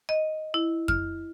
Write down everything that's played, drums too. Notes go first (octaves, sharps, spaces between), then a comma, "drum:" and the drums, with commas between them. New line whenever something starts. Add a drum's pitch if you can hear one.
D#5
E4
F6, drum: kick F2